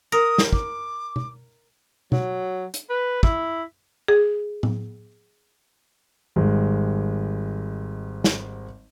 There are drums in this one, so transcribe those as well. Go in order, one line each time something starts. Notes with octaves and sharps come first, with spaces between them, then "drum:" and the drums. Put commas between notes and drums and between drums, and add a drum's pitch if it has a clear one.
A#4 D#6
drum: snare
D6, drum: kick
drum: tom
F#3, drum: tom
drum: hi-hat
B4
E4, drum: kick
G#4
drum: tom A2
G#1 G3 G#3
drum: snare